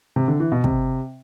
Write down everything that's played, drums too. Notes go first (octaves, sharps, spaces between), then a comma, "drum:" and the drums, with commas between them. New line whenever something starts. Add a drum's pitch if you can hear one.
C3
D3
E3
B2
C3, drum: kick